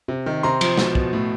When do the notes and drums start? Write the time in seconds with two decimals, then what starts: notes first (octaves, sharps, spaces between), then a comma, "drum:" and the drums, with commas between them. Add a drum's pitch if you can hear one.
0.08 C3
0.26 D#3
0.43 C3 A#5 C6
0.61 F3, drum: cymbal
0.78 B2, drum: snare
0.95 B2, drum: kick
1.13 A2